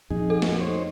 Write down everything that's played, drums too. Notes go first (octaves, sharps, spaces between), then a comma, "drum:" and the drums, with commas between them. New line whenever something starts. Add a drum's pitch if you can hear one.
F2 A#2 D#4 G#4
A4
drum: snare
D#4 C5 C#5